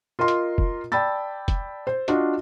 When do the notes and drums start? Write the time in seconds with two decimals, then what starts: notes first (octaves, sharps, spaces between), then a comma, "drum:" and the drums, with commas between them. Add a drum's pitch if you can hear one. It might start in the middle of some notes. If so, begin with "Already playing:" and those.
0.19 F4 A#4 D#5 C6
0.28 drum: hi-hat
0.58 drum: kick
0.92 D5 G5 A5 B5 E6 A6
1.48 drum: kick, hi-hat
1.87 C5
2.08 D4 F4 F#4 D#5, drum: hi-hat